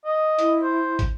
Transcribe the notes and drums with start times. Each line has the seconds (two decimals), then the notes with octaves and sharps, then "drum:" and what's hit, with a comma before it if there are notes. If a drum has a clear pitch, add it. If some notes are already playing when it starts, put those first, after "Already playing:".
0.05 D#5
0.39 E4, drum: hi-hat
0.62 C5
0.99 drum: kick, hi-hat